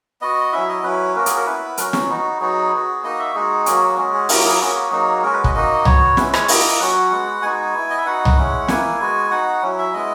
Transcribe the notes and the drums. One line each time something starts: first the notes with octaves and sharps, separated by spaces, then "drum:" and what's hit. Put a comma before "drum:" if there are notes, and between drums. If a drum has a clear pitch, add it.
B3 F#4 D#5
F#3 C#4 E4 E5
D#5
F#3 C#4 E4 B4
A#3 C#4 F#4 A#4
G#4, drum: hi-hat
A#4
B3 E4 B4
F#3 C#4 F#4 A#4, drum: hi-hat
F#4, drum: snare
B3 D#4 F#4
F#3 B3 D#4 F#4 G#4
B3 F#4
A#3 D#4 F#4 D#5
E5
G#3 D#4 F#4 G#4
F#3 A#3 C#4 F#4, drum: hi-hat
G#3 C#4 F#4 G#4
G#4
F#3 A#3 E4 A#4, drum: open hi-hat
G#4
A#3 C#4 F#4 G#4
F#4
F#3 A#3 D#4 F#4 G#4
G#3 C#4 F#4 A#4
B4
D#5, drum: kick
A#3 D#4 F#4 D#5
B3 F#4 C#5, drum: tom C2
G#3 C#4 E4 B4, drum: snare
C#5, drum: rim click
A#3 E4 D#5, drum: open hi-hat
F#3 C#4 F#4 F#5
G#3 B3 F#4
G#3 B3 D#4 F#4 G#5
B3 E4
D#5
E5
B3 D#4 F#4 F#5
drum: tom C2
G#3 C#4 E4
A#3 E4 G#5, drum: snare
G#3 B3 F#4
B3 D#4 F#4 F#5
F#3 C#4 E4
E5
G#3 B3 E4 D#5